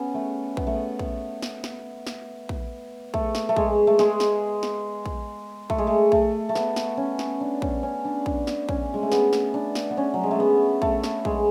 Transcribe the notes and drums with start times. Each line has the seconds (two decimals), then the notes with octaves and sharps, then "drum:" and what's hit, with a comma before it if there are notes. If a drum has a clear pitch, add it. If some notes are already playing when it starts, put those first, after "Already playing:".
Already playing: B3 C#4
0.14 A3
0.57 B3, drum: kick
0.67 A3
0.75 B3
0.99 B3, drum: kick
1.42 drum: snare
1.64 drum: snare
2.07 drum: snare
2.49 drum: kick
3.14 A3, drum: kick
3.35 drum: snare
3.49 A3
3.56 G#3, drum: kick
3.87 A3
3.99 G#3, drum: snare
4.20 drum: snare
4.63 drum: snare
5.06 drum: kick
5.70 A3, drum: kick
5.78 G#3
5.87 A3
6.12 A3, drum: kick
6.49 A3
6.55 B3, drum: snare
6.76 drum: snare
6.97 C#4
7.19 drum: snare
7.41 D4
7.62 C#4, drum: kick
7.83 C#4
8.05 D4
8.26 D4, drum: kick
8.47 drum: snare
8.69 C#4, drum: kick
8.94 G#3
9.03 A3
9.12 B3, drum: snare
9.33 drum: snare
9.54 D4
9.75 drum: snare
9.91 B3
9.97 C#4
10.14 F#3
10.23 G#3
10.31 A3
10.40 B3
10.82 A3, drum: kick
11.04 drum: snare
11.25 G#3, drum: kick